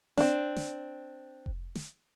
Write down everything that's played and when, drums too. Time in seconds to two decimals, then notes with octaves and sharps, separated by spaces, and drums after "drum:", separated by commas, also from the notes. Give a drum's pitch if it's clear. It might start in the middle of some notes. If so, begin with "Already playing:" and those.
0.17 C4 D4, drum: snare
0.56 drum: snare
1.46 drum: kick F1
1.75 drum: snare